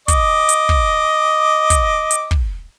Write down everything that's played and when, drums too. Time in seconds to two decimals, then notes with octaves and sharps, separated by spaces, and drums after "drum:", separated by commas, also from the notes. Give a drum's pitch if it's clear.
0.08 D#5 D6, drum: kick, hi-hat
0.49 drum: hi-hat
0.69 drum: kick
1.70 drum: kick, hi-hat
2.11 drum: hi-hat
2.31 drum: kick